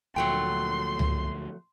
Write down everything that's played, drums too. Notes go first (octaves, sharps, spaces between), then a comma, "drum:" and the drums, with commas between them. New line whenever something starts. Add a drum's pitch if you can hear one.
D2 A#2 F3 F#3 A3 G5 C6
drum: tom C#2